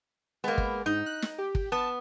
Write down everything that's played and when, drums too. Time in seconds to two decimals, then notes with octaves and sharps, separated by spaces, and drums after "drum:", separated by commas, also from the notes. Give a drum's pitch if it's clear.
0.44 G#3 A#3 B3
0.58 drum: kick
0.86 G#2 D#4
1.06 F#6
1.22 drum: snare
1.38 G4
1.55 drum: kick
1.72 B3 A5